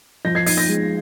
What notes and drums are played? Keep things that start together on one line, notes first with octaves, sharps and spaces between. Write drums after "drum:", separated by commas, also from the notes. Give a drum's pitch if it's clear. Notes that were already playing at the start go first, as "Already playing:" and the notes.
F3 G6 A#6
G#6 C7
D#4 G#6 C7, drum: open hi-hat
G6 A#6
G#3